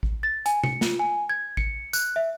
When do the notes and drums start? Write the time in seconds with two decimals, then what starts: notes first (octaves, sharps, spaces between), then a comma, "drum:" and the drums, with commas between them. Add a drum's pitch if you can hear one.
0.03 drum: kick A1
0.23 A6
0.46 G#5, drum: hi-hat
0.64 C#7, drum: tom C3
0.81 F4, drum: snare
0.99 G#5
1.29 G#6
1.57 C#7, drum: kick A1
1.93 F#6, drum: tambourine
2.16 E5